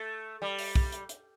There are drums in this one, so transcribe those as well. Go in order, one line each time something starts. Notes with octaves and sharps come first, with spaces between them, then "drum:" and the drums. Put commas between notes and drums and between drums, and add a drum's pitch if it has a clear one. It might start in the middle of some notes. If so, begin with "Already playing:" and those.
Already playing: A3
G3
drum: open hi-hat
drum: kick
drum: hi-hat
drum: hi-hat